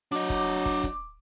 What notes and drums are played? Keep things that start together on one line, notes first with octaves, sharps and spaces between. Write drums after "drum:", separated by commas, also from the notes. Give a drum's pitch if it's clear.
F#3 D4 D#5 D6, drum: hi-hat
drum: kick
drum: hi-hat
drum: kick
drum: kick, hi-hat